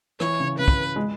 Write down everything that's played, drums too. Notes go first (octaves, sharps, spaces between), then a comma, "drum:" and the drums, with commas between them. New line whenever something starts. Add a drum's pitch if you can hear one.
E3 C#5, drum: rim click
C#3
C#3 B4
drum: kick
G#3